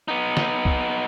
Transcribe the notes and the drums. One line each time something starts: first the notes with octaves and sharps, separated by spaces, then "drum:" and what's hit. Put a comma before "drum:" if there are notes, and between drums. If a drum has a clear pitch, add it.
B3 D#4
drum: snare
drum: kick